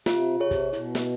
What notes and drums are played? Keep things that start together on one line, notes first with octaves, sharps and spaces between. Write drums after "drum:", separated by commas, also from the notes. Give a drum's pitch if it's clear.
C3 F4, drum: snare
B2
C3 G#4 C#5
drum: kick, hi-hat
B2 E4, drum: hi-hat
drum: snare